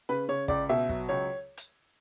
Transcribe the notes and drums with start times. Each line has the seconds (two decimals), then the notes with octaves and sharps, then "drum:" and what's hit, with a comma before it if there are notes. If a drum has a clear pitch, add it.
0.09 C#3 B4
0.29 C#3 C#5
0.48 C#2 D5, drum: kick
0.69 B2 E5
0.89 F#3, drum: kick
1.09 C#2 C#5
1.58 drum: hi-hat